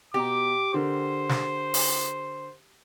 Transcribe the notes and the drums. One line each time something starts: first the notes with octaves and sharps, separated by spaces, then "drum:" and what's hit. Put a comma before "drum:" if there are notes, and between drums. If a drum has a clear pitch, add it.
B2 G4 A#5 D6
D3 A#4 C5
drum: snare
drum: open hi-hat